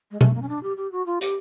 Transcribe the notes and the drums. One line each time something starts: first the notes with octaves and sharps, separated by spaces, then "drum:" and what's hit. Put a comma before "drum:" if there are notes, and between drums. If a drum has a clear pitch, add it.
G#3
A3, drum: tom B2
A#3
C#4
D4
G4
G4
F#4
F4
G4, drum: hi-hat